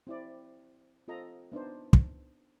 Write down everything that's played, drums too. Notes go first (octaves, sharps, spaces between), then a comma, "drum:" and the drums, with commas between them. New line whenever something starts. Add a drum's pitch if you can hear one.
C4 E4 D5
C4 F4 A4 D#5 A#5
B3 D4 D#4 C5
drum: kick